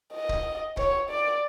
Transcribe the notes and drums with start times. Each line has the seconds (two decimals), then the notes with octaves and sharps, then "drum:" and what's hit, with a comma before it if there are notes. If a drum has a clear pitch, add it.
0.13 D#5
0.29 drum: kick C#1
0.77 C#5, drum: kick C#1
1.10 D5